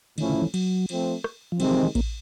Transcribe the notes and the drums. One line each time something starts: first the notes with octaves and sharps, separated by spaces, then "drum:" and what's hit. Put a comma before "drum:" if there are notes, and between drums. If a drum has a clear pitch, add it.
A2 D#3 F3 A3 C#4 E4, drum: cymbal
D3
E3
F#3, drum: cymbal
F3 A3 C4, drum: cymbal
drum: rim click
F3
C3 D#3 F#3 G#3 C4, drum: cymbal
F3
E3
A#3, drum: kick A1, cymbal